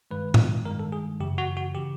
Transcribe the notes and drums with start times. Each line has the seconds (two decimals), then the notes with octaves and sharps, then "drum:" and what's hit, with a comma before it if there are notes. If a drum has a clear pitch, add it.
0.11 G2 D#3 G#3 B4
0.34 drum: tom A2
0.65 G2 D#3 G#3 A#4
0.79 A4
0.92 G#4
1.20 F#2 C#3 E3 G4
1.38 F#4
1.57 F#4
1.75 C#3 E3 G4